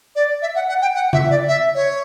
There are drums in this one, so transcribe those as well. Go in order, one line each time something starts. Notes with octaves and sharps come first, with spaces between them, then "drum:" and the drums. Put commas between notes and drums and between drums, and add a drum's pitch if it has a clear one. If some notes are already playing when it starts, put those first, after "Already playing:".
D5
E5
F#5
F#5
G5
F#5
E5, drum: tom C#3
D5
E5
C#5